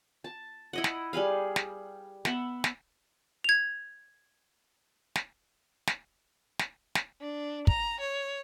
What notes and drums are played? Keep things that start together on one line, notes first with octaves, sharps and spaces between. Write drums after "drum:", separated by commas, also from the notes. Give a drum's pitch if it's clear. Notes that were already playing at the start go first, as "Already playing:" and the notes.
A5
E4 D#5 F#5
drum: snare
G3 G#4 B4 F5
drum: snare
B3 E5 F#5, drum: snare
drum: snare
G#6 F7
drum: snare
drum: snare
drum: snare
drum: snare
D4
A#5, drum: kick
C#5